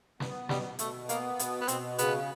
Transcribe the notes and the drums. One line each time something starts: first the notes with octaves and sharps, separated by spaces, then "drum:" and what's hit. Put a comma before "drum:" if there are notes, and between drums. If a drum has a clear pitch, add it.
B3, drum: snare
B2 G3, drum: snare
B2 A3, drum: hi-hat
A#3 B3, drum: hi-hat
B2, drum: hi-hat
B3
B2 C4, drum: hi-hat
C#3 B3, drum: hi-hat